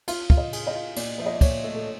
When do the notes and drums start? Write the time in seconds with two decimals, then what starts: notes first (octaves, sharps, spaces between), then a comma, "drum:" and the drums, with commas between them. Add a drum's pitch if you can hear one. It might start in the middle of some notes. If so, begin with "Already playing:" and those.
0.08 F4 F5, drum: cymbal
0.30 F4, drum: kick
0.37 D#5
0.53 G#4, drum: cymbal
0.67 D#5
0.75 F4
0.96 A#2 D5, drum: cymbal
1.18 F3 E5
1.26 D#5
1.34 D5
1.41 A#2 C#5, drum: kick, cymbal
1.64 A3
1.75 A4